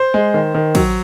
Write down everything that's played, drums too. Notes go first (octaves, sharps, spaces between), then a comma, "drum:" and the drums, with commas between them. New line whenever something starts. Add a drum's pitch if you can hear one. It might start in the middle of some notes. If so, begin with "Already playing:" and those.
Already playing: C5
G#3
D#3
D#3
F#3, drum: kick, cymbal